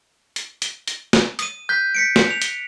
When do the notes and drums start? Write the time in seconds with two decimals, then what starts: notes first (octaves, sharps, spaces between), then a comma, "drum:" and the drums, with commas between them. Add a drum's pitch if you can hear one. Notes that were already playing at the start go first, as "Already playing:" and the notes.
0.36 drum: hi-hat
0.62 drum: hi-hat
0.88 drum: hi-hat
1.13 drum: snare
1.39 D#6 D#7, drum: hi-hat
1.69 F#6 G6 B6
1.95 B6 C#7 D7
2.16 drum: snare
2.31 F7
2.42 drum: hi-hat